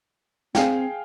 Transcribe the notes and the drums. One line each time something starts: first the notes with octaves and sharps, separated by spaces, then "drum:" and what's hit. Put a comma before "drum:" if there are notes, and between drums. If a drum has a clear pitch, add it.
C4 G#4 F5 G5, drum: snare